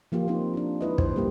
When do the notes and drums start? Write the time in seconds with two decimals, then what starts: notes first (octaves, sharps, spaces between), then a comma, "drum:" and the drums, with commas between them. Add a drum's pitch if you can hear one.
0.12 F3 A#3 F4 G4
0.28 A#3 C4 D#4
0.53 D4 D#4 F4
0.81 G#3 E4 B4 D#5
0.98 C5, drum: kick
1.16 G3 A#3 G4